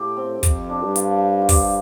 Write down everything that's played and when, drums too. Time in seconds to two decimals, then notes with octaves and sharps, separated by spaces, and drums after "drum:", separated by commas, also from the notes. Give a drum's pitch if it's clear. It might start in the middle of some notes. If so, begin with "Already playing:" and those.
Already playing: A2 G4 A4
0.17 C4
0.43 F2, drum: kick, hi-hat
0.70 D4
0.83 G2
0.96 F4, drum: hi-hat
1.42 F4
1.49 G4, drum: kick, open hi-hat